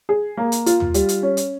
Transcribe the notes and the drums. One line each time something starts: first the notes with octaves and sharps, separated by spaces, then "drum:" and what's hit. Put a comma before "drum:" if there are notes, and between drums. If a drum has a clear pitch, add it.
G#4
A#3
drum: hi-hat
F4, drum: hi-hat
drum: tom
G3, drum: hi-hat
drum: hi-hat
C#4
drum: hi-hat